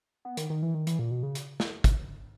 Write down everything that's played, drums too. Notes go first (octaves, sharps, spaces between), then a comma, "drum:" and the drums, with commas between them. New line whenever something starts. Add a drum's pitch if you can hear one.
B3
D#3, drum: hi-hat
D#3
E3
D#3
E3, drum: hi-hat
A#2
B2
C#3
drum: hi-hat
drum: snare
drum: kick, hi-hat